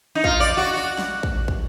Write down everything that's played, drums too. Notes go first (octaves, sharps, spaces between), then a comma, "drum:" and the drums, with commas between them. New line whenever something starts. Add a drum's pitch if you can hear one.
D#4
F4, drum: kick
D5
F#4
F#4
drum: snare
drum: kick
drum: kick